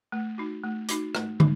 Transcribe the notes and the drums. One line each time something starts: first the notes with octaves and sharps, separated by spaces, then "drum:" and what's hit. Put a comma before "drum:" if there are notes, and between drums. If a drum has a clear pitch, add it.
A3
D#4 F#4
A3
D#4 F#4, drum: hi-hat
A3, drum: rim click
D#4, drum: tom